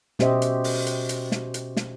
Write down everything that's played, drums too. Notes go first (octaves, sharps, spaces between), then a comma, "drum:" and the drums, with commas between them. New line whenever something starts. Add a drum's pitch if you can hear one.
B2 C#4 G4 C5 D#5 E5, drum: snare
drum: hi-hat
drum: open hi-hat
drum: hi-hat
drum: hi-hat
drum: snare
drum: hi-hat
drum: snare